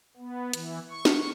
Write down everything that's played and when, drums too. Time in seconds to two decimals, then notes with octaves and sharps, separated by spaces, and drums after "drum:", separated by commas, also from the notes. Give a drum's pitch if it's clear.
0.17 B3
0.53 E3, drum: hi-hat
0.90 C#6
1.05 drum: snare